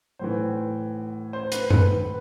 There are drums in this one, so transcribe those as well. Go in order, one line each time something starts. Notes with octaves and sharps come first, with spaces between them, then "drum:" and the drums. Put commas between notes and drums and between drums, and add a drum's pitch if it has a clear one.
B1 A2 E3 C5
C5
B4, drum: hi-hat
B4, drum: tom F#2